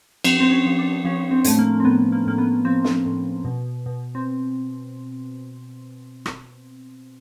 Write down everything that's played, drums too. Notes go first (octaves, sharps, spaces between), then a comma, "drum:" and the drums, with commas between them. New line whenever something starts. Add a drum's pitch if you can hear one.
F3 C4, drum: cymbal
C4
C#4
F3
D4
F3 C#4
C4
A2 A3, drum: hi-hat
A#3
C4
A2 B3
A#3
A2 A#3
B3
F3 C4
drum: snare
A2
B2
B2
C4
drum: rim click